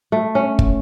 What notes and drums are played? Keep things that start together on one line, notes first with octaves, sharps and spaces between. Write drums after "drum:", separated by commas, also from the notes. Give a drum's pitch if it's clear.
A3
C#4
drum: kick